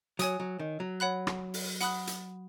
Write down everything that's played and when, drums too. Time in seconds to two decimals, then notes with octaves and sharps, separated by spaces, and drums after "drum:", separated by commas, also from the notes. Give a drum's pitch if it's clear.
0.19 F#3 C#5 G#5 D#6, drum: hi-hat
0.40 F#3
0.59 D#3
0.80 F#3
1.00 C#5 F#5 B5 F#6
1.27 drum: rim click
1.54 drum: open hi-hat
1.81 F#5 B5 D#6 F#6, drum: hi-hat
2.07 drum: hi-hat